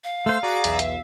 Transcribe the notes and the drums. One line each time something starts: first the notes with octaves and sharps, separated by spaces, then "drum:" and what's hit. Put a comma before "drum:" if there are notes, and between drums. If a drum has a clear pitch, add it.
F5
A3 C5 C6 E6 F6
F#4 G#4 D5 A#5 D6
B1 E2 E5, drum: hi-hat
drum: hi-hat